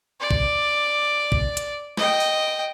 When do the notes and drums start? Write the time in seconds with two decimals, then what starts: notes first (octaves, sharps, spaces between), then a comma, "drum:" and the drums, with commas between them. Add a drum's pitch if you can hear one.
0.20 D5
0.31 drum: kick
1.32 drum: kick
1.57 drum: hi-hat
1.97 D#5 G5, drum: snare
2.20 drum: open hi-hat